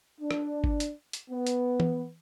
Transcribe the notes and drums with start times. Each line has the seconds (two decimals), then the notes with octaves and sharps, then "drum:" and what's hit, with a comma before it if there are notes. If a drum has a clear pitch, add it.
0.21 D4
0.31 drum: rim click
0.64 drum: kick G1
0.80 drum: hi-hat
1.13 drum: hi-hat
1.30 B3
1.47 drum: hi-hat
1.80 drum: tom